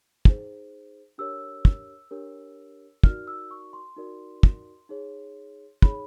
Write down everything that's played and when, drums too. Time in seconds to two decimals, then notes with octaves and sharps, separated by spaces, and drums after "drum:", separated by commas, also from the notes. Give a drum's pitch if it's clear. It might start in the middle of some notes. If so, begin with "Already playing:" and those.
0.25 D#4 G#4 C5, drum: kick
1.18 D4 G4 A#4 C#5 E6
1.65 drum: kick
2.11 D4 G4 A#4 C#5
3.04 D#4 F#4 A#4 D5 F6, drum: kick
3.27 E6
3.51 C#6
3.73 C6
3.97 D#4 F#4 A#4 D5
4.43 drum: kick
4.89 D#4 G#4 C#5
5.82 D#4 G#4 C#5 B5, drum: kick